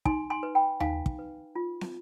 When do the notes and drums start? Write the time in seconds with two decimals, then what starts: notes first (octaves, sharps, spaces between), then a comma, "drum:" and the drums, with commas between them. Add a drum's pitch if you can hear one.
0.05 D#4 G#5 C6, drum: kick
0.30 G#5 C6
0.43 B4
0.55 G5 B5
0.80 D#4 F5 G#5, drum: tom D#2
1.06 drum: kick
1.19 B4
1.56 F4
1.81 drum: snare